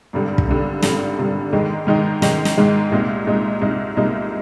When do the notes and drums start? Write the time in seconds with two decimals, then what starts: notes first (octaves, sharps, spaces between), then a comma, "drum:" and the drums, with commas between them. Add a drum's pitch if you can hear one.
0.13 G#1 G2 D3 G3
0.38 drum: kick
0.48 G#1 G2 D3 G3
0.82 G#1 G2 D3 G3, drum: snare
1.18 G#1 G2 D3 G3
1.53 G#2 D#3 G#3 D#4
1.87 G#2 D#3 G#3 D#4
2.22 G#2 D#3 G#3 D#4, drum: snare
2.45 drum: snare
2.58 G#2 D#3 G#3 D#4
2.92 C2 A#2 G#3 D#4
3.27 C2 A#2 G#3 D#4
3.62 C2 A#2 G#3 D#4
3.97 C2 A#2 G#3 D#4